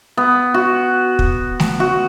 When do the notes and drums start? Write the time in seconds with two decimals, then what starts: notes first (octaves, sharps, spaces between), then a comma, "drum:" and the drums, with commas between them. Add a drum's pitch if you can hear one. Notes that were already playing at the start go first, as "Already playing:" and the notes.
0.17 B3
0.54 F#4
1.19 drum: kick
1.60 drum: snare A3
1.80 F#4